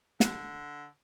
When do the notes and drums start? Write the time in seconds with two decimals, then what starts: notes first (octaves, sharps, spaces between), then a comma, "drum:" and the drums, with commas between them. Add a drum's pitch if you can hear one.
0.20 D3, drum: snare